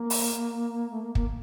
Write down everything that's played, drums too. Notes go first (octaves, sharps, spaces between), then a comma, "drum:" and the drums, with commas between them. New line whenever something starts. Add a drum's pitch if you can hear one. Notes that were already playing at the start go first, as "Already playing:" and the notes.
Already playing: A#3
drum: open hi-hat
A3
A#3
A#3, drum: kick